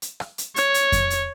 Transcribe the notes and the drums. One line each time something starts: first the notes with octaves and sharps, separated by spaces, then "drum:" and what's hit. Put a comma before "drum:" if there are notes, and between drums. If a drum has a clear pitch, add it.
drum: hi-hat
drum: rim click
drum: hi-hat
C#5, drum: hi-hat
drum: hi-hat
drum: kick F2, hi-hat
drum: hi-hat